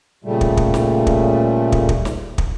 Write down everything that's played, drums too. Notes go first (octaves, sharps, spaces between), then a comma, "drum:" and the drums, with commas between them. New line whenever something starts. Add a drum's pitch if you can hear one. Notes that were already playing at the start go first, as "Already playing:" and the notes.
A#2 C#3 G3 A3
drum: kick
drum: kick
drum: snare
drum: kick
drum: kick
drum: kick
drum: snare
drum: kick